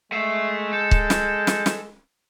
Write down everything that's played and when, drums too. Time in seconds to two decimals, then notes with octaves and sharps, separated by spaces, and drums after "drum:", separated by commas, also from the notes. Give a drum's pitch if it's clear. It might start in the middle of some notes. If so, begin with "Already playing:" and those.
0.12 G#3 A3 E5 C7
0.73 A4 G6
0.91 drum: kick C#1
1.10 drum: snare
1.47 drum: snare
1.66 drum: snare